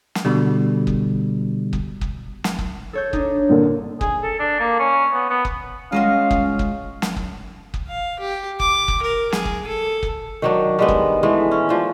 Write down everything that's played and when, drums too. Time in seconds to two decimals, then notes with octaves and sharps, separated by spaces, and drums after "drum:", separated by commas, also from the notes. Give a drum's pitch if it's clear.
0.15 drum: snare
0.25 B2 D3 G3
0.87 drum: kick
1.73 drum: kick
2.01 drum: kick
2.44 drum: snare
2.59 drum: kick
2.93 A4 C#5 G6
3.13 D4 D#4, drum: kick
3.49 G2 A#2 D3
4.01 G#4, drum: kick
4.23 A4
4.39 D4
4.60 A#3
4.79 C#4
5.14 B3
5.30 B3
5.45 drum: kick
5.92 G#3 C#4 F4 F#4 D#5 F5
6.31 drum: kick
6.59 drum: kick
7.02 drum: snare
7.16 drum: kick
7.74 drum: kick
7.88 F5
8.20 G4
8.60 D6, drum: kick
8.88 drum: kick
9.02 A#4
9.32 G#4, drum: snare
9.45 drum: kick
9.67 A4
10.03 drum: kick
10.42 D#3 F#3 D4
10.79 G3 G#3 B3
10.88 drum: kick
11.23 E3 G#3 A3
11.51 C#4
11.69 F3 D4